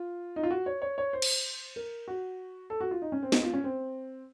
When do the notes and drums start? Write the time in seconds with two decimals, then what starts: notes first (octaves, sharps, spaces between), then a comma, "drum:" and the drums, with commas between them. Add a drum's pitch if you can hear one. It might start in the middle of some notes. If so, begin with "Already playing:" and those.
Already playing: F4
0.36 D#4
0.43 F4
0.51 F#4
0.66 C#5
0.82 C#5
0.98 C#5
1.13 C5
1.22 drum: cymbal
1.76 A#4
2.08 F#4
2.70 A4
2.81 F#4
2.91 F4
3.02 D#4
3.12 C#4
3.23 C4
3.32 D#4, drum: snare
3.43 F4
3.53 C#4
3.64 C4